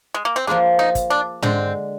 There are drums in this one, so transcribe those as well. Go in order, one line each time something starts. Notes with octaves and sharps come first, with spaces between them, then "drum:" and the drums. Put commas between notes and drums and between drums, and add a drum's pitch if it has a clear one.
G#3
A#3
C4
F3 A#3 D4 F4 G#4
D#4
drum: kick, hi-hat
D4
D3 G#3 C4 D4, drum: tom G#2